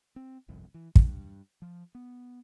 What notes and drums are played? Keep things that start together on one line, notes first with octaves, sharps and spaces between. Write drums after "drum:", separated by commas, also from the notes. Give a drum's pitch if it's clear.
C4
G1 C2 F2
E3
G2, drum: kick
F3
B3